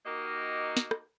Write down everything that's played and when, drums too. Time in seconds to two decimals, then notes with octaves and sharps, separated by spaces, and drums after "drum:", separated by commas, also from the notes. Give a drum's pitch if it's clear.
0.06 A#3 D#4 F#4 G4 A#4 D#5
0.77 drum: snare
0.91 drum: rim click